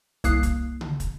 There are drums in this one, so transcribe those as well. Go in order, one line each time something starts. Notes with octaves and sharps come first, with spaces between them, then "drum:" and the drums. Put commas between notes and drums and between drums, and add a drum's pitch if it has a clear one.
C2 A#3 D#6 F#6 C7, drum: kick, hi-hat
drum: kick, hi-hat
drum: tom C#3
drum: kick, hi-hat